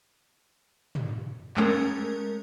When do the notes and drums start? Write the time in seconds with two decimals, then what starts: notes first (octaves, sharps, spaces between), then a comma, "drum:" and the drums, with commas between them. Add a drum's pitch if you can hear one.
0.95 drum: tom
1.57 G#3 A3 C#4 A#4, drum: clap